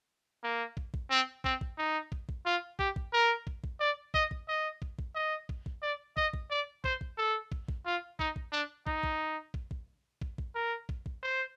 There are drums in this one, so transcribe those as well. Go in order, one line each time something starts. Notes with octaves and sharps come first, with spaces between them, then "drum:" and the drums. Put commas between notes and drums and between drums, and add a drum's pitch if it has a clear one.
A#3
drum: kick
drum: kick
C4
C4, drum: kick
drum: kick
D#4
drum: kick
drum: kick
F4
G4, drum: kick
drum: kick
A#4
drum: kick
drum: kick
D5
D#5, drum: kick
drum: kick
D#5
drum: kick
drum: kick
D#5
drum: kick
drum: kick
D5
D#5, drum: kick
drum: kick
D5
C5, drum: kick
drum: kick
A4
drum: kick
drum: kick
F4
D#4, drum: kick
drum: kick
D4
D#4, drum: kick
drum: kick
drum: kick
drum: kick
drum: kick
drum: kick
A#4
drum: kick
drum: kick
C5